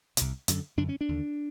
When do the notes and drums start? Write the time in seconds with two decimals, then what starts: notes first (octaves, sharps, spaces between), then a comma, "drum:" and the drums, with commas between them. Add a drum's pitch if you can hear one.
0.17 C2 C3, drum: hi-hat
0.48 F#2 D3, drum: hi-hat
0.77 F#2 D3 D4
0.89 C#4
1.01 D4
1.09 D#2 D3